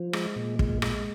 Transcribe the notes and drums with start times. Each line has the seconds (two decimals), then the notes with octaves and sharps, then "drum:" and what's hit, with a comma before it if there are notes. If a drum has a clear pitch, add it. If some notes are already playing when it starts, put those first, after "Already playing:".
Already playing: F3
0.13 G#3, drum: rim click
0.36 A#2
0.59 G#3, drum: kick
0.82 G#3, drum: rim click